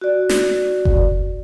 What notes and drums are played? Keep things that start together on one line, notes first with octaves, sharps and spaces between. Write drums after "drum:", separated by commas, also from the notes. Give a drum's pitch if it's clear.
F#4 D5
drum: snare
drum: kick F#1